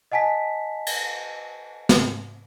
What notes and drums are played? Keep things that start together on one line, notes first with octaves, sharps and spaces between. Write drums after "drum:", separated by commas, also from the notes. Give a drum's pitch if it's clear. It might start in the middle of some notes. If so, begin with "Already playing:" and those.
D#5 F#5 G#5 A5 B6
drum: cymbal
drum: snare